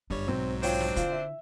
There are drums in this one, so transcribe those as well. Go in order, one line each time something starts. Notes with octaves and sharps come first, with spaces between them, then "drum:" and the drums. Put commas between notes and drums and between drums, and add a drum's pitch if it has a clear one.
G1 F#2 G3 D4 C#5
B1 G#2 F#3 C4
C4 D4 F4 C5 C#5 G5, drum: open hi-hat
drum: snare
D3 E4 F4, drum: kick, hi-hat
E5